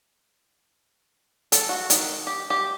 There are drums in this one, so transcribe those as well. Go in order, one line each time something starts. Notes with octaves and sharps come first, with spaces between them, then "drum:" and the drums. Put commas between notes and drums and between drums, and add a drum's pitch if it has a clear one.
A4, drum: hi-hat
F#4
D#3, drum: hi-hat
G4
G4